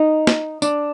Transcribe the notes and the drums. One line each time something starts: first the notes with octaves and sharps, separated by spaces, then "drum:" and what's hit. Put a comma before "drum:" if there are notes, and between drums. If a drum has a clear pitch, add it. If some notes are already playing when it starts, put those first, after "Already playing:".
Already playing: D#4
drum: snare
D4, drum: tambourine